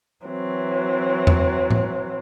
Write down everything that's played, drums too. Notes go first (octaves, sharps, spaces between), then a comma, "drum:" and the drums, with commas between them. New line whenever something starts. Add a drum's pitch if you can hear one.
E3 F#3 C4
drum: tom E2
drum: tom A2